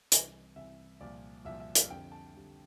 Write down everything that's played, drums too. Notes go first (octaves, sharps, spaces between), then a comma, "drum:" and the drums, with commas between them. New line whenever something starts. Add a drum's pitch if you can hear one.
C2 C3 E3, drum: hi-hat
C2 C3 E3 E5
C2 A#2 F3 D5
C2 A#2 F3 E5
E5
F5, drum: hi-hat
F2 D3 G3 G5
A5
F2 D3 G3